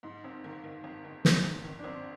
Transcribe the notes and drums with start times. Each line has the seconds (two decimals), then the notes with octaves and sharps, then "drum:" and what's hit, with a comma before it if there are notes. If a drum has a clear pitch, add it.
0.03 G#2 D#4
0.24 G#1 C4
0.44 D#3 A#3
0.64 D#3
0.84 G#1
1.05 D#3
1.25 D#3, drum: snare
1.44 G#1
1.65 D#3
1.79 D4
1.84 G#1 C4